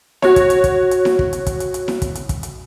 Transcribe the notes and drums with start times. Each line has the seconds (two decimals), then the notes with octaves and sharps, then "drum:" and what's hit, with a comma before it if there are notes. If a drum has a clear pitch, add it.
0.22 F#4 C#5, drum: snare E4
0.36 drum: kick, hi-hat
0.50 drum: hi-hat
0.64 drum: kick, hi-hat
0.91 drum: hi-hat
1.05 drum: snare E4
1.19 drum: kick
1.33 drum: hi-hat
1.46 drum: kick, hi-hat
1.60 drum: hi-hat
1.74 drum: hi-hat
1.88 drum: snare E4
2.02 drum: kick, hi-hat
2.15 drum: hi-hat
2.29 drum: kick, hi-hat
2.43 drum: hi-hat